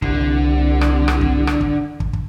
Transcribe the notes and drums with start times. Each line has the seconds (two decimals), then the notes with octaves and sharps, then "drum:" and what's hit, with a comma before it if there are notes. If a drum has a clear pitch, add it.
0.02 C2 D3, drum: kick
0.81 drum: rim click
1.08 drum: rim click
1.21 drum: kick
1.47 drum: rim click
1.61 drum: kick
2.00 drum: kick
2.13 drum: kick